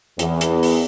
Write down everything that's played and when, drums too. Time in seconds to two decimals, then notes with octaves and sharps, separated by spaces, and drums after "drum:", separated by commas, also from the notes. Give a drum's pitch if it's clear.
0.19 E2, drum: hi-hat
0.41 drum: hi-hat
0.63 drum: open hi-hat